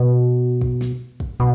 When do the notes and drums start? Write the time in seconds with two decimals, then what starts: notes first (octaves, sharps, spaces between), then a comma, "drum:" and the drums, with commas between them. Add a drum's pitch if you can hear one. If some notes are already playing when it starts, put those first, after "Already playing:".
Already playing: B2
0.61 drum: kick
0.81 drum: snare
1.20 drum: kick
1.40 B2, drum: kick